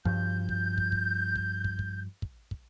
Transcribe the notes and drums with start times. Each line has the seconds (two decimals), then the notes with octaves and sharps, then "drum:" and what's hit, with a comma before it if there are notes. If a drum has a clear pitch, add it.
0.05 G2 F3 G6, drum: kick
0.49 drum: kick
0.78 drum: kick
0.92 drum: kick
1.36 drum: kick
1.64 drum: kick
1.79 drum: kick
2.22 drum: kick
2.51 drum: kick